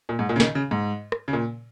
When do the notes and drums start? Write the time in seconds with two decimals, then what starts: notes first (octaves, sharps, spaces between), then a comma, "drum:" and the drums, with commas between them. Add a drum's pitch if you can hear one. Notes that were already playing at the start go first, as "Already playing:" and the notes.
0.09 A#2
0.19 G#2
0.29 A#2
0.36 C#3
0.40 D#3, drum: snare
0.55 C#3
0.71 G#2
1.12 drum: rim click
1.28 C#3
1.33 A#2